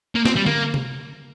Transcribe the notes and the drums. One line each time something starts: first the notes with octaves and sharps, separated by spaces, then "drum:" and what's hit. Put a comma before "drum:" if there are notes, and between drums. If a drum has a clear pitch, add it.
A#3
C4, drum: snare
G3
A#3, drum: tom D3
drum: tom C3